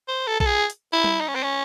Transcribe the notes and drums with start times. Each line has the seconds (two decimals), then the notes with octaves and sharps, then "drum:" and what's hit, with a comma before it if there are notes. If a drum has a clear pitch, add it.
0.08 C5
0.27 A4
0.40 A4, drum: kick A#1
0.46 G#4
0.70 drum: hi-hat
0.93 E4
1.04 drum: tom G3
1.20 D#4
1.28 C#4
1.35 C4
1.43 C#4